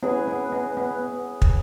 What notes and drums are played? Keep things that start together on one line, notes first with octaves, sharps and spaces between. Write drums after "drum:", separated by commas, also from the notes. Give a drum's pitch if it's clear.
B3 C#4 E4 G#4
B3
B3
B3
drum: kick